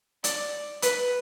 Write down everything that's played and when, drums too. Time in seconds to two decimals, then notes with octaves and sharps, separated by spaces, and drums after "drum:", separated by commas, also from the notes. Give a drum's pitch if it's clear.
0.24 D5, drum: hi-hat
0.82 B4, drum: hi-hat